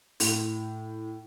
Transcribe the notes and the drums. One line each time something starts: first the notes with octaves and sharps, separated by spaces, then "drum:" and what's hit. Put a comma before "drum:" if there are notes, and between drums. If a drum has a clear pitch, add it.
A2, drum: open hi-hat